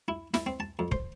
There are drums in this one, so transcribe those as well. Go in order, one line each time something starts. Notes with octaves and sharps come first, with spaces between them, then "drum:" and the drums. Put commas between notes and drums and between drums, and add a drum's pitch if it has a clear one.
E4
E4, drum: snare
C4
A5
F2
C5, drum: kick